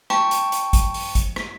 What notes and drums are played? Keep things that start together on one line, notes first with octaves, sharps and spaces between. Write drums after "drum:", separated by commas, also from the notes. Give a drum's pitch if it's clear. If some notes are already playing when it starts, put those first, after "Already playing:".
G5 A5 C#6, drum: rim click
drum: hi-hat
drum: hi-hat
drum: kick, hi-hat
drum: open hi-hat
drum: kick, hi-hat
drum: rim click